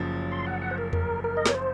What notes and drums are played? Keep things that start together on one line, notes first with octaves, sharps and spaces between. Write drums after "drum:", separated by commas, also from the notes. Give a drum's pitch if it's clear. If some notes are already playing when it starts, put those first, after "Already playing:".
Already playing: F#1 F#2 F3
C6
F#5
F#5
C5
A#4
A#4, drum: tom E2
A#4
D#5
C#5, drum: snare
C5